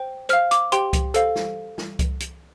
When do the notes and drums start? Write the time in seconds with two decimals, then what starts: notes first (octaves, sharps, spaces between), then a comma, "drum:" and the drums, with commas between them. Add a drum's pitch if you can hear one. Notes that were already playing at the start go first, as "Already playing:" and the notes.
Already playing: C5 G5
0.29 C5 F5 F6, drum: hi-hat
0.51 D6, drum: hi-hat
0.72 G4 C5 G5 C6, drum: hi-hat
0.93 drum: kick C2, hi-hat
1.14 A4 C5 F5, drum: hi-hat
1.36 drum: snare
1.78 drum: snare
1.99 drum: kick C2, hi-hat
2.20 drum: hi-hat